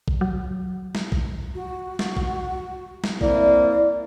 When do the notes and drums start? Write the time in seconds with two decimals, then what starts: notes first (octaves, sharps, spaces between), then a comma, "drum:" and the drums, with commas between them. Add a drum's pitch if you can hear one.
0.08 drum: kick
0.21 F#3
0.95 drum: snare
1.12 drum: kick
1.55 F#4
1.99 drum: snare
2.17 drum: kick
3.04 drum: snare
3.21 A#3 C4 E4 D5, drum: kick